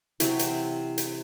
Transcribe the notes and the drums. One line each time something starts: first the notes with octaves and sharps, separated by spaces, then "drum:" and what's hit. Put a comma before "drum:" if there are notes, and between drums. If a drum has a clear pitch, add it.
C3 E3 F#3, drum: hi-hat
drum: hi-hat
drum: hi-hat